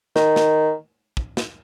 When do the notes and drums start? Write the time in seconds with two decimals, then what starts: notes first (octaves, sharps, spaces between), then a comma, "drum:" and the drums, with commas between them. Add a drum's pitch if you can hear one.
0.16 D#3, drum: snare
0.36 drum: snare
1.17 drum: kick
1.37 drum: snare